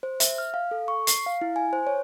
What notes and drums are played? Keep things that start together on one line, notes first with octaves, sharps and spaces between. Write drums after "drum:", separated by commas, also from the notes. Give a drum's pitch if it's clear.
C5
E5, drum: hi-hat
F6
F5
A4
C#6
C7, drum: hi-hat
F5
E4
G#5
C5
C#5